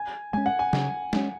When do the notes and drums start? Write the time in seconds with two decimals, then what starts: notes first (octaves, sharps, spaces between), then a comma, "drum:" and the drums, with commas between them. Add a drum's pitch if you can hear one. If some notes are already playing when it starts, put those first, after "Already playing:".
Already playing: G#5
0.33 G#3 C#4 G#5
0.46 F#5
0.59 G#5
0.73 C#3, drum: snare
1.13 G#3 C#4, drum: snare